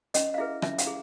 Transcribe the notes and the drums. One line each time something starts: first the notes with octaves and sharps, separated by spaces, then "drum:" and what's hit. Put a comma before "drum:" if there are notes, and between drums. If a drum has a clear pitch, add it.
C#4 D#5, drum: hi-hat
F5
E4 G#4 B4 E5
C#4 E5, drum: rim click
F5, drum: hi-hat
E4 G#4